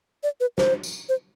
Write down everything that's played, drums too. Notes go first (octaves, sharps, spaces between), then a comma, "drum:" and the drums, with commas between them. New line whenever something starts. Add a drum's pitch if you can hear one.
D5
B4
C5, drum: snare
drum: tambourine
C5